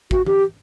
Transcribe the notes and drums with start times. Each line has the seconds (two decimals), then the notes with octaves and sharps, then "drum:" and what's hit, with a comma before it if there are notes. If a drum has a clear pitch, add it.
0.11 F#4, drum: kick
0.26 G4, drum: tom E3